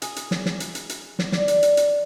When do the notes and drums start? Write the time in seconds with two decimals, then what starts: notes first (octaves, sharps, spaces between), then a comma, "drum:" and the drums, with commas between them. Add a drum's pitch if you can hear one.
0.02 G#4, drum: hi-hat
0.16 drum: hi-hat
0.31 drum: snare
0.46 drum: snare
0.60 drum: hi-hat
0.75 drum: hi-hat
0.89 drum: hi-hat
1.19 drum: snare
1.32 D5, drum: snare
1.48 drum: hi-hat
1.63 drum: hi-hat
1.77 drum: hi-hat